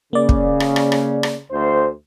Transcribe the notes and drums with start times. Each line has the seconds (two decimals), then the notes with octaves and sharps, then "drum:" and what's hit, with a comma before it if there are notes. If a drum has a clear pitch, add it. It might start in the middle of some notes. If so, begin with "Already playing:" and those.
0.13 C#3 A#3 D5
0.29 drum: kick
0.60 drum: rim click
0.76 drum: rim click
0.92 drum: rim click
1.23 drum: rim click
1.51 D2 C5